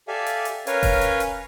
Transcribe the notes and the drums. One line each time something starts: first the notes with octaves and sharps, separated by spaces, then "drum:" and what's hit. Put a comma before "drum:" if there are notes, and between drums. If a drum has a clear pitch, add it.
G4 A4 D5 E5 F5 G#5
drum: hi-hat
drum: hi-hat
C#4 A#4 B4 C#5 F5 G#5, drum: hi-hat
drum: kick F1, open hi-hat
drum: hi-hat
drum: hi-hat